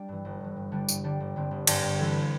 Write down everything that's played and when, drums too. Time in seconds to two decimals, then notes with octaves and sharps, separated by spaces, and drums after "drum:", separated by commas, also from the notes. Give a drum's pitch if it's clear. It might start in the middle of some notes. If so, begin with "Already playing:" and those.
Already playing: G3 D4
0.09 G2 E3
0.25 G1
0.41 G2 E3
0.56 G2
0.72 D3 G3 D4
0.89 G2, drum: tambourine
1.04 D3 G3 D4
1.20 G1
1.36 G2 D3 C4
1.51 G1
1.67 G2 D3 C4, drum: cymbal
1.83 G2
1.99 E3 C4 A4